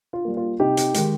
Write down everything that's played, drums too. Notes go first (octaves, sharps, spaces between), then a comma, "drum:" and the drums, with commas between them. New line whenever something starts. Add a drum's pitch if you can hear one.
F4
G3 A#3
F4
C3 D#4 G4
drum: hi-hat
D#3 G#3, drum: hi-hat